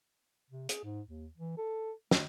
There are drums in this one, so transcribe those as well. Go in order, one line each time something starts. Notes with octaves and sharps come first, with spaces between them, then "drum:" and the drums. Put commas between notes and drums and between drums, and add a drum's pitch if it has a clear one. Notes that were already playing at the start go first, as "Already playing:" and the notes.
C3
G#4, drum: hi-hat
G#2
D#2
E3
A4
A3, drum: snare